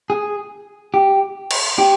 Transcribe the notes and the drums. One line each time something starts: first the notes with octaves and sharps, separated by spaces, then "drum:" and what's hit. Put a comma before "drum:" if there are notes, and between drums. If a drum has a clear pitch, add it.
G#4
G4
drum: cymbal
G4